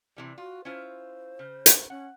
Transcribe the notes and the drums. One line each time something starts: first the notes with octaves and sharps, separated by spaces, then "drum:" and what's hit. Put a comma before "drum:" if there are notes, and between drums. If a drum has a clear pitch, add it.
C3 E3 G3
F4 F#4
C#4 E4 F4 C5
C#3
drum: hi-hat
C#4 F#5